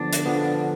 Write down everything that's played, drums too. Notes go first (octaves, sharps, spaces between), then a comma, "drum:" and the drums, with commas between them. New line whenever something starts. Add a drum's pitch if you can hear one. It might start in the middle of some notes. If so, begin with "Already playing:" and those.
Already playing: D3 F3 B3 D4
drum: hi-hat
D3 F3 B3